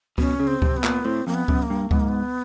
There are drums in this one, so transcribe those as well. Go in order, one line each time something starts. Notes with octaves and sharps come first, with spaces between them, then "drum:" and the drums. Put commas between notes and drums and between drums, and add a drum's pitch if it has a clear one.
B2 C#4, drum: kick C#2
C#3
C4
C3, drum: kick C#2
B3
A#2, drum: clap
A2 C4
F2 A#3
B3
F#2, drum: kick C#2
A#3
G2
G#2 B3, drum: kick C#2
A#3
B3